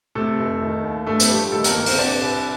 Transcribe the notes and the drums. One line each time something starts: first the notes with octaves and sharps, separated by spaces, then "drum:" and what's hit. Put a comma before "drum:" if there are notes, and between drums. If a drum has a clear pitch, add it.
C3 A3 A4
F1
D#3
D#2
G2 A3 A4
drum: hi-hat
F3 G3 G4
D#3 A3 A4
A#3 A#4, drum: hi-hat
G1 A#3 A#4
C4 C5, drum: open hi-hat
C3 D4 D5
C2